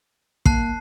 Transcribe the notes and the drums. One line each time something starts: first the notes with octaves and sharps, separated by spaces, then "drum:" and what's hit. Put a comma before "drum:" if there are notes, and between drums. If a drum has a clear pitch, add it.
A#3 A5 F#6 C7, drum: kick